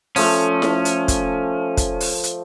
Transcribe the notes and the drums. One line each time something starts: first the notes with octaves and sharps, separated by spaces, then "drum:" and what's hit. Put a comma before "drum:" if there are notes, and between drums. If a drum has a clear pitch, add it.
F3 A3 C#4, drum: open hi-hat
drum: snare E4
drum: hi-hat
drum: kick, hi-hat
drum: kick, hi-hat
drum: open hi-hat
drum: hi-hat